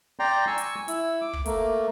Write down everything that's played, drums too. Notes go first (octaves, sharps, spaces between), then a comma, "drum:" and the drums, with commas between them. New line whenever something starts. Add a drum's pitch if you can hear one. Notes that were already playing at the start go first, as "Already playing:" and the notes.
D5 G5 A#5 C6
G#5 C#6 E6
drum: hi-hat
E4 E6, drum: hi-hat
D6
drum: kick
A3 A#3, drum: hi-hat